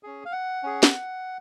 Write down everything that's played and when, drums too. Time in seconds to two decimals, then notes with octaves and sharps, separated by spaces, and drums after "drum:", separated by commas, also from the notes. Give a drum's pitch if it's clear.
0.03 C#4 G#4
0.25 F5
0.32 F#5
0.63 C#4 G#4
0.83 drum: snare